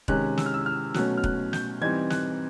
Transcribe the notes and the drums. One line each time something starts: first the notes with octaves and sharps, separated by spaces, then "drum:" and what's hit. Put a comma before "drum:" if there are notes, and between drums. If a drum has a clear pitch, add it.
C3 D#3 G#3 C#4 F#6, drum: kick
E6, drum: snare
F6
E6
F6
B2 F#3 A3 C#4 F#6, drum: snare
F6
F#6, drum: kick
G6, drum: snare
E3 G3 C4 D#4 G#6
F#6, drum: snare